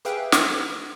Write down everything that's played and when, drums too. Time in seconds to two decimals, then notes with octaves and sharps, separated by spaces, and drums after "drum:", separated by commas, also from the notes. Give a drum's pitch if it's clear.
0.05 G4 G#4 B4 E5 F5 G5
0.32 drum: snare